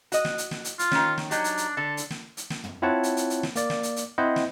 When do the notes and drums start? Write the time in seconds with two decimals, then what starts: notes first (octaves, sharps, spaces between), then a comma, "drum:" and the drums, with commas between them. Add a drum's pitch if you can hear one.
0.12 F#4 D#5, drum: hi-hat
0.25 drum: snare
0.38 drum: hi-hat
0.51 drum: snare
0.64 drum: hi-hat
0.79 F4, drum: hi-hat
0.92 D#3 C#4, drum: snare
1.18 drum: snare
1.31 F#3 D4 D#4 G4, drum: hi-hat
1.44 drum: hi-hat
1.57 drum: hi-hat
1.77 D3 A4
1.97 drum: hi-hat
2.10 drum: snare
2.37 drum: hi-hat
2.50 drum: snare
2.64 drum: tom
2.82 C4 E4 F4 C#5 F#5 A5
3.03 drum: hi-hat
3.17 drum: hi-hat
3.30 drum: hi-hat
3.43 drum: snare
3.56 A#3 D5, drum: hi-hat
3.70 drum: snare
3.83 drum: hi-hat
3.96 drum: hi-hat
4.18 C4 E4 C5 D#5 F#5
4.36 drum: snare